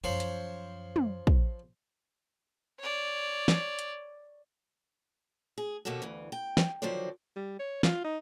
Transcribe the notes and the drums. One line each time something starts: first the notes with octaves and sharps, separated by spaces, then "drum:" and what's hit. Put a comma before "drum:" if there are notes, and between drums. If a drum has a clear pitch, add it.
F#2 F3 F4 C5 C#5
drum: hi-hat
drum: tom
drum: kick
C#5 D5
drum: snare
drum: hi-hat
G#4
D#2 B2 A#3 F#4 G4 A4
D2 G2 E3
G5
drum: snare
D3 D#3 F3 F#3 C5 D5
G3
C#5
F4, drum: snare
D#4